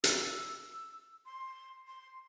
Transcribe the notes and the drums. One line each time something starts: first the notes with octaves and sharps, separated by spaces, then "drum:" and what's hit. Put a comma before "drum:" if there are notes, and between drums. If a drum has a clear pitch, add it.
E6, drum: hi-hat
C6
C6